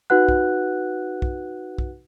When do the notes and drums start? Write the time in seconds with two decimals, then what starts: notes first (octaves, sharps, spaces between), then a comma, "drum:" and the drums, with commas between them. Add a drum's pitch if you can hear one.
0.10 D#4 F#4 B4 F#5 F#6
0.29 drum: kick
1.22 drum: kick
1.78 drum: kick